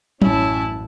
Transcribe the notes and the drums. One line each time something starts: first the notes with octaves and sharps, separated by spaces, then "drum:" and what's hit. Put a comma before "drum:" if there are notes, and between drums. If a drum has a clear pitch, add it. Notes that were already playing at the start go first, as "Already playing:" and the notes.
A1 F#2 C#4 E4 A5, drum: tom